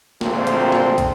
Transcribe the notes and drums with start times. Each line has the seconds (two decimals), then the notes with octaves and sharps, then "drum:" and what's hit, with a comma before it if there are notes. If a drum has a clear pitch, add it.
0.21 G#1 D2 A#2 F3 C4 C5, drum: snare
0.47 drum: hi-hat
0.72 drum: snare
0.98 drum: kick, hi-hat